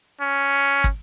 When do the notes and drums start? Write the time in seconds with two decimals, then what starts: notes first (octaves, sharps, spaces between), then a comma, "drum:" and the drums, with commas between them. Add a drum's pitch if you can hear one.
0.21 C#4
0.84 drum: kick